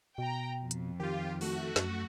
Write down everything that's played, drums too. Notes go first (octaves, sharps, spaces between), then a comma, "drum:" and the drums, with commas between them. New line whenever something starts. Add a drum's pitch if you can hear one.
B2 G5 A#5
F2
drum: hi-hat
D#3 F4 G4
A3 F#4, drum: open hi-hat
F#2, drum: snare